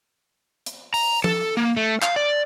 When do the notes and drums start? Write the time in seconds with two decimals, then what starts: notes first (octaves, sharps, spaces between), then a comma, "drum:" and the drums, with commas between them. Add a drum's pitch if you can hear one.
0.66 drum: hi-hat
0.94 A#5, drum: open hi-hat
1.24 A4, drum: tom F3
1.57 A#3
1.77 A3
2.02 F5, drum: clap
2.16 D5